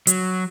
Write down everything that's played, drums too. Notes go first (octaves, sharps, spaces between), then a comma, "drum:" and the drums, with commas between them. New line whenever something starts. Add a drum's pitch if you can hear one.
F#3, drum: hi-hat